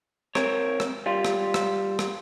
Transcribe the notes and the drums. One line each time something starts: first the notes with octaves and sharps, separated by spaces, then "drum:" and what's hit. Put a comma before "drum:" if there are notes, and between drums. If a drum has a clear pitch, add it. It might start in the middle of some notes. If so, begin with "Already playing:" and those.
C4 A#4 C#5, drum: rim click
drum: rim click
G3 F4
drum: rim click
drum: rim click
drum: rim click